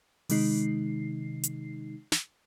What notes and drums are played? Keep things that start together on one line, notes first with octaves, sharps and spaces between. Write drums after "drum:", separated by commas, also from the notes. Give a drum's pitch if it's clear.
C3 D#3 G#3 D#4 C7, drum: open hi-hat
drum: hi-hat
drum: snare